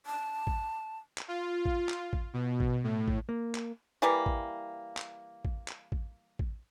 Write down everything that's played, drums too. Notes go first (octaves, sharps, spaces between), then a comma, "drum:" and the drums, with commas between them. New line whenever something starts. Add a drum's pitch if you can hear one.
A5
drum: kick A1
drum: clap
F4
drum: kick A1
drum: clap
drum: kick A1
B2
drum: kick A1
A2
drum: kick A1
A#3
drum: clap
E3 G3 A#3
drum: kick A1
drum: clap
drum: kick A1
drum: clap
drum: kick A1
drum: kick A1